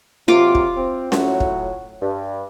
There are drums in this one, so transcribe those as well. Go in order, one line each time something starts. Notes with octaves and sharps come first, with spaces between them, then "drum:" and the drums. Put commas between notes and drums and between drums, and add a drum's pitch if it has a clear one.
C3 F#3 A#3 F4 D6
drum: kick
C4
A2 F#3 F#4, drum: snare C#4
drum: kick
G2